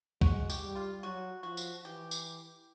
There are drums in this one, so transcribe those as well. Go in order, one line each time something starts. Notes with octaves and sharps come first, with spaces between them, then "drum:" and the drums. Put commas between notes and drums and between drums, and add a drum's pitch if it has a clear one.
G#3 F#4, drum: kick C2
G4, drum: tambourine
G3
F4
F#3 F#4
F3 F#4
drum: tambourine
E3 G4
drum: tambourine